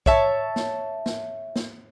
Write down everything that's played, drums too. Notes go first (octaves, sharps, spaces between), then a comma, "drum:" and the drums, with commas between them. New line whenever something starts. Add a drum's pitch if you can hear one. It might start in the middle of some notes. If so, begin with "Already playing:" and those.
C#5 E5 A5, drum: kick
drum: snare
drum: snare
drum: snare